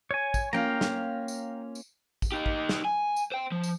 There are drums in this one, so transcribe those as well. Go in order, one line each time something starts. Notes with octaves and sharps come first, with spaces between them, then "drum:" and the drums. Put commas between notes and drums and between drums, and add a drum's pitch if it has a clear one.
C#5 G#5
drum: kick, tambourine
A#3 C#4 F4 F5 G5 A#5
drum: snare
drum: tambourine
drum: tambourine
drum: kick, tambourine
D#4 G4
drum: kick
drum: snare
G#5
drum: tambourine
C5 G5
F3
drum: tambourine